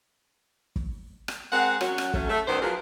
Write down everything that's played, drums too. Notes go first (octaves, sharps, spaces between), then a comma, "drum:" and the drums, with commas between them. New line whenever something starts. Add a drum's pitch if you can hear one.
drum: kick
drum: rim click
G#3 C4 A#4 F#5
F#3 C#4 F#4, drum: rim click
drum: rim click
F#3 A3 C#4, drum: kick
A3
F#2 D#3 B3 C5 D5
F3 F#3 B3 G#4 A#4 B4